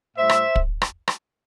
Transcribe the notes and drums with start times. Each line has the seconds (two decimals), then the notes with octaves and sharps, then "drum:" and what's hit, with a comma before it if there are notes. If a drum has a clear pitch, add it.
0.17 A2 G3 C5 E5
0.29 drum: rim click
0.56 drum: kick
0.82 drum: rim click
1.08 drum: rim click